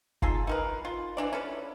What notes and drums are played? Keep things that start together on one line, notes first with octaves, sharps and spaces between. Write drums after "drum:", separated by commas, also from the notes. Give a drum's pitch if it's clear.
D#4 F4 G#4 A4, drum: kick F#1
D#4 A#4 B4
F4
E3 D4 D5
C#4 A4 B4